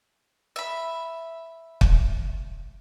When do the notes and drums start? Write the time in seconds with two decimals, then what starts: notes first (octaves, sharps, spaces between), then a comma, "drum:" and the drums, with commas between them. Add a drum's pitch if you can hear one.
0.56 E5 B5
1.81 drum: kick